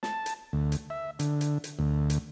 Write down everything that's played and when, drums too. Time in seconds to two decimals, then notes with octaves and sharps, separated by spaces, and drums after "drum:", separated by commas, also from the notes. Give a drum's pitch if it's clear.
0.03 A5, drum: snare
0.26 drum: hi-hat
0.53 D2
0.72 drum: hi-hat
0.90 E5
1.19 D3, drum: hi-hat
1.41 drum: hi-hat
1.64 drum: hi-hat
1.79 D2
2.10 drum: hi-hat